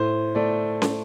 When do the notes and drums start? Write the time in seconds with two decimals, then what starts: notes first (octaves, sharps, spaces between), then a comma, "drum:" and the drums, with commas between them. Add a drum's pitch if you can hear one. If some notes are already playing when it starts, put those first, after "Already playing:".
Already playing: A2 C5
0.35 A3 D5
0.82 drum: snare